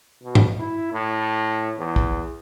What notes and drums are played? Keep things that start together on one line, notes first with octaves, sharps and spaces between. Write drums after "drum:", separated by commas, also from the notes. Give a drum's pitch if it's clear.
B2
drum: tom
E4
A2
E2
drum: kick